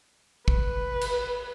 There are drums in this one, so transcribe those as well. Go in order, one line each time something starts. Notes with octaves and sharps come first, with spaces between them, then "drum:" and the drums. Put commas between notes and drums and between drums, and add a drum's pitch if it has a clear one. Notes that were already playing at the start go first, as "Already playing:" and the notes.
B4, drum: kick
drum: cymbal